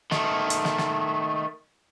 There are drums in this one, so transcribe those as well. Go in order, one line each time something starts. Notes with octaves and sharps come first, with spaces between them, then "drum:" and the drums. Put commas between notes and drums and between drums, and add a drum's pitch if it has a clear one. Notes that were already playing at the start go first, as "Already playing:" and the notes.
D#3 A3, drum: snare
drum: hi-hat
drum: snare
drum: snare